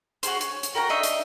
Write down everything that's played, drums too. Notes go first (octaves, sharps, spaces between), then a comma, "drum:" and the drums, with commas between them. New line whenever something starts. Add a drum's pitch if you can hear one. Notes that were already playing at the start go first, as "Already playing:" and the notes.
F#4 G#4 C5, drum: hi-hat
C#5, drum: hi-hat
drum: hi-hat
F#4 A#4 G5 A#5
D4 D#4 D#5 E5
drum: hi-hat